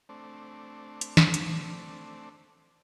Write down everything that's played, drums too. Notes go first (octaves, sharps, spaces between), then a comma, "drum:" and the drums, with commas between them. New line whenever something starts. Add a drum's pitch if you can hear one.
A3 C4 D4
drum: hi-hat
drum: snare
drum: hi-hat